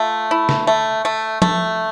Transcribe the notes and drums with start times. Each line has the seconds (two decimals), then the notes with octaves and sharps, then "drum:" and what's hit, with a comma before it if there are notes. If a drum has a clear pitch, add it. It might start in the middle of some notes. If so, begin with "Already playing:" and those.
Already playing: A3 F4
0.31 E4
0.49 drum: snare
0.67 A3
1.05 A3
1.42 A3, drum: tom F3